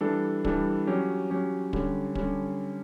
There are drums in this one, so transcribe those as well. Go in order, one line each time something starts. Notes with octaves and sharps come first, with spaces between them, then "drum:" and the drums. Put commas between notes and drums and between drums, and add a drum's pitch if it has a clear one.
E3 G3 D4 A4
E3 G3 D4 A4, drum: kick
F#3 C#4 G4
F#3 C#4 G4
D3 G3 C#4, drum: kick
D3 G3 C#4, drum: kick